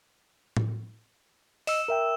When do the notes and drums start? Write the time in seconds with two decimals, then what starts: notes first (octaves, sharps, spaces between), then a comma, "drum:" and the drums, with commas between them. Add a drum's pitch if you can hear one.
0.57 drum: tom A2
1.67 D#5 E6 E7, drum: open hi-hat
1.88 A#4 E5 G5